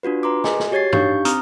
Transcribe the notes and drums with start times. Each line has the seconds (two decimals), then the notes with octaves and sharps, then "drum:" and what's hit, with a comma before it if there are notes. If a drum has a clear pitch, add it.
0.03 D4 F4 F#4 B4
0.23 B4 A#5 C6 D6
0.44 G#4 D#5 G#5, drum: snare
0.60 drum: snare
0.71 F#4 G4 C#5 G#6 A6 C7
0.93 D4 D#4 G4 F5 C#6 G6, drum: tom
1.25 C4 A#5 D#6 F6, drum: hi-hat